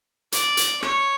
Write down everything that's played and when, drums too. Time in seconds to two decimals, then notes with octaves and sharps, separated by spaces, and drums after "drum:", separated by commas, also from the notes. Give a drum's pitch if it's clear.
0.32 D5, drum: hi-hat
0.57 drum: hi-hat
0.83 C#5, drum: rim click